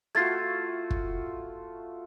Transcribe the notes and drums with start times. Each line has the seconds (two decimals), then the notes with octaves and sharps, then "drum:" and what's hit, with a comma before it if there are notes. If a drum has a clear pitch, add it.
0.15 A3 F4 F#4 G#6 A6 C7
0.90 drum: kick